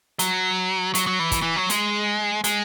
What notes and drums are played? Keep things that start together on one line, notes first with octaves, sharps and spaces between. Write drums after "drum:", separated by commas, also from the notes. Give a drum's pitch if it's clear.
F#3, drum: hi-hat
F#3, drum: hi-hat
F#3
E3
drum: kick, hi-hat
E3
F#3
G#3, drum: hi-hat
G#3, drum: hi-hat